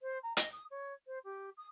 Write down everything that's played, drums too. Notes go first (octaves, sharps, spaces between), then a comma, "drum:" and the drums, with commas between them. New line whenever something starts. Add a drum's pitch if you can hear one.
C5
A#5
D#5, drum: hi-hat
D#6
C#5
C5
G4
D#6